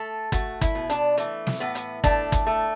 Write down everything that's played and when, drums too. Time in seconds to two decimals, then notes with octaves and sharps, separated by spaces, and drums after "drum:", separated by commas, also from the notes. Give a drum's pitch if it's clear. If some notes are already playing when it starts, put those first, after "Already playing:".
Already playing: A3 A4
0.32 A3 F#4, drum: kick, hi-hat
0.61 E4, drum: kick, hi-hat
0.75 B2
0.90 D4, drum: hi-hat
1.17 E3 A3, drum: hi-hat
1.47 drum: snare
1.60 A2 B3
1.75 drum: hi-hat
2.04 A3 D4, drum: kick, hi-hat
2.32 drum: kick, hi-hat
2.47 A3